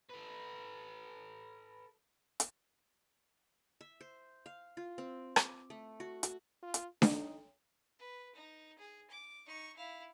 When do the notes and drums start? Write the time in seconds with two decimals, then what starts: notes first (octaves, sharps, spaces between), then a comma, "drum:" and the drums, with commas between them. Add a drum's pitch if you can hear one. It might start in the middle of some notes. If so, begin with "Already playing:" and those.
0.10 A4 B4
2.40 drum: hi-hat
3.81 E5
4.01 C5
4.46 F5
4.77 F4
4.98 C4
5.36 D6, drum: rim click
5.70 A3
6.00 F#4
6.23 F#4, drum: hi-hat
6.63 F4
6.74 drum: hi-hat
7.02 D#4, drum: snare D4
7.99 B4
8.35 D#4
8.78 G#4
9.10 D6
9.46 D#4 C#6
9.76 E4 F5